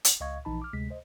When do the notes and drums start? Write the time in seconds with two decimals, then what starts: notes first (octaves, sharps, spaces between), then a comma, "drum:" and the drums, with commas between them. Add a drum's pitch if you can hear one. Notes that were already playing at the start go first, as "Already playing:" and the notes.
0.05 drum: hi-hat
0.20 C#2 D#5 F5 C#6 G#6
0.45 A#1 E3 D#4 A5 B5
0.62 D6 F6
0.73 D2 C3 G#3 B6
0.90 C5 D#5